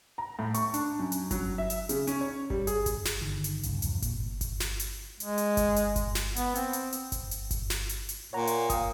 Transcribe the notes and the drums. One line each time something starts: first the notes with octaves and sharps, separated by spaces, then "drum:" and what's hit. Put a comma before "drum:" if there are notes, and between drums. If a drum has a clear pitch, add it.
A#5
A2
C#6, drum: hi-hat
D4, drum: hi-hat
F#2
drum: hi-hat
F#3, drum: kick G1, hi-hat
E5
drum: hi-hat
C#3, drum: hi-hat
C#4, drum: hi-hat
C#5
G3, drum: kick G1
G#4, drum: hi-hat
drum: kick G1, hi-hat
drum: snare
G1 D3 D#3
drum: hi-hat
C2 G2 C#3, drum: hi-hat
E2 G2 C3 F3, drum: hi-hat
A#2, drum: kick G1, hi-hat
drum: kick G1, hi-hat
drum: snare
drum: hi-hat
G#3, drum: hi-hat
drum: hi-hat
drum: kick G1, hi-hat
drum: hi-hat
drum: kick G1, hi-hat
drum: snare
B3, drum: hi-hat
C4, drum: hi-hat
drum: hi-hat
drum: hi-hat
drum: kick G1, hi-hat
drum: hi-hat
drum: kick G1, hi-hat
drum: snare
drum: hi-hat
drum: hi-hat
A#2 C#5 F#5 A#5
drum: hi-hat
F5 G5 D#6, drum: kick G1, hi-hat